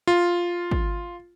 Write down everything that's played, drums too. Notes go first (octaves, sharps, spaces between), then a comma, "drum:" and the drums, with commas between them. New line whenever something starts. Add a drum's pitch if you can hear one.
F4
drum: kick